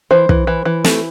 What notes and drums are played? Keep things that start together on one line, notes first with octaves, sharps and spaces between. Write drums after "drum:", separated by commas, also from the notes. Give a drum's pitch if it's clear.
E3 C5
E3, drum: kick
E3
E3
A3, drum: snare